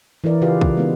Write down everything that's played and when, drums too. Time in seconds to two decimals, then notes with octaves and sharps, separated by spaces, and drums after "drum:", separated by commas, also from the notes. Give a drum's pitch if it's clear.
0.24 E3 E4 A#4 D5
0.41 C#3 F4 G4 G#4 B4 F5
0.61 C#3, drum: kick
0.77 G#3 B3 D#4